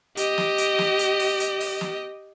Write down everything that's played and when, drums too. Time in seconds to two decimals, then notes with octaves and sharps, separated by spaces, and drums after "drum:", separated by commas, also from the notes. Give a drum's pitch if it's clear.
0.17 G4 D#5, drum: hi-hat
0.38 drum: snare
0.58 drum: hi-hat
0.79 drum: snare
0.99 drum: hi-hat
1.19 drum: open hi-hat
1.40 drum: hi-hat
1.60 drum: open hi-hat
1.81 drum: snare